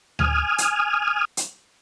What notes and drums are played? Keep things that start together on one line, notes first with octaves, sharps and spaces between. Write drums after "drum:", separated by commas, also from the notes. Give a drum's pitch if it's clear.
G#5 D#6 F6, drum: tom D2
drum: hi-hat
drum: hi-hat